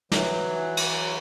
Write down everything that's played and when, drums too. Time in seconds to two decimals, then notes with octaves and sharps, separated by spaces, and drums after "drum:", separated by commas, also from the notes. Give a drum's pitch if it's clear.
0.12 E3 F#3, drum: snare
0.77 drum: cymbal